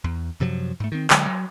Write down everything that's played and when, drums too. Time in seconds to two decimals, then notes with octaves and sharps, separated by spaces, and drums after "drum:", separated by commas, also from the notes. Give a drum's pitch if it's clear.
0.04 E2
0.40 F#2 C3 F3 F#3
0.80 G#2 A3
0.92 D#3 C4
1.10 D3 F#3 G#3, drum: clap
1.26 F#3